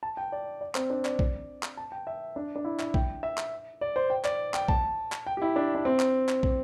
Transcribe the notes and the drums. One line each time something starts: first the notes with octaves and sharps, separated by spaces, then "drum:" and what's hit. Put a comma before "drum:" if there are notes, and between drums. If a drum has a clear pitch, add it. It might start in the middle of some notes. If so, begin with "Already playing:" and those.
A5
G5
D5
D5
C4, drum: clap
D4
D5, drum: clap
drum: kick
drum: clap
A5
G5
E5
D4
D4
E4
E5, drum: clap
G5, drum: kick
E5
drum: clap
D5
C5
G5
D5, drum: clap
G5, drum: clap
A5, drum: kick
drum: clap
G5
G4
E4
D4
D4
C4
drum: clap
drum: clap
drum: kick